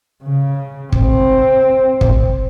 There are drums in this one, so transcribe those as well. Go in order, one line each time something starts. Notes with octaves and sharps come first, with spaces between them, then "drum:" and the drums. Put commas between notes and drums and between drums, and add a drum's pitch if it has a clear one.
C#3
C4, drum: kick
drum: kick